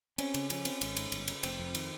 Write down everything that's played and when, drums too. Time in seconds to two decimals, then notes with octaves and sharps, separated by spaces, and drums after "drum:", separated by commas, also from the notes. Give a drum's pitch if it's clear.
0.18 C4 C#4, drum: cymbal
0.34 C#3, drum: cymbal
0.50 F3 C#4, drum: cymbal
0.65 C4, drum: cymbal
0.81 G#1, drum: cymbal
0.97 G#2, drum: cymbal
1.12 G1, drum: cymbal
1.28 C#3, drum: cymbal
1.43 F1 C4, drum: cymbal
1.60 F2
1.75 D#3, drum: cymbal